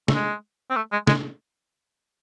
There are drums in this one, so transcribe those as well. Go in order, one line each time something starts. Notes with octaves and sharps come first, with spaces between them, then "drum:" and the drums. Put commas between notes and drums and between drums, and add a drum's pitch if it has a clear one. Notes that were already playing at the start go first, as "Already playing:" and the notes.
A3, drum: snare
G#3
C4
A3
G#3
G#3, drum: snare